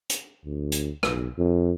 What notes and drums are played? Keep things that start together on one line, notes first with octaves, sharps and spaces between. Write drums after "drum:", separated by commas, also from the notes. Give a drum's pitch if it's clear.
drum: hi-hat
D2
drum: hi-hat
B1, drum: rim click
F2